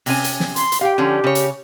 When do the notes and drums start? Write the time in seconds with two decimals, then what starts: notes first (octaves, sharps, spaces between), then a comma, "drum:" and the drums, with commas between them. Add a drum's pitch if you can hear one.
0.06 C3 C#4 G#5, drum: open hi-hat
0.24 drum: hi-hat
0.40 drum: snare
0.56 C6, drum: hi-hat
0.72 drum: hi-hat
0.81 G4 F5 G5
0.98 D3 F3 C#4
1.24 C#3 C#5
1.35 drum: hi-hat